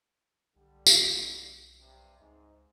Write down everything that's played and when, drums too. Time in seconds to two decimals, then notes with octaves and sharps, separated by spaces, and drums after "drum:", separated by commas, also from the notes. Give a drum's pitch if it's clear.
0.55 B1 D3 G3
0.87 drum: tambourine
1.79 G2 C3
2.19 C#2 G#2